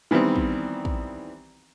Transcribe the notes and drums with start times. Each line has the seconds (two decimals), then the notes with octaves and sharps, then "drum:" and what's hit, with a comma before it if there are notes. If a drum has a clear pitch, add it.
0.11 D#3 E3 G3 B3 C4
0.36 drum: kick
0.85 drum: kick